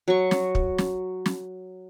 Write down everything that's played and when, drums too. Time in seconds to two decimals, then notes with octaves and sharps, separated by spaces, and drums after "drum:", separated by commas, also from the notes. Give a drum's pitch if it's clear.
0.08 F#3 C#6
0.31 drum: snare
0.55 drum: kick
0.78 drum: snare
1.26 drum: snare